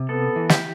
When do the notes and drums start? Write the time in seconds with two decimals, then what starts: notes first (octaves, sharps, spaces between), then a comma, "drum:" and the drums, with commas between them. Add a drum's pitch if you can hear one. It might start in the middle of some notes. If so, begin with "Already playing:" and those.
Already playing: C3
0.09 B3 A4
0.36 E3
0.49 G4, drum: snare